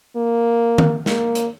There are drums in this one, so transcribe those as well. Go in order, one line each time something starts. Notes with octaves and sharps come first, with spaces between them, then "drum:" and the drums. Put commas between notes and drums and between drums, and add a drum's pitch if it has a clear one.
A#3
drum: tom D#3
A#3, drum: snare
drum: hi-hat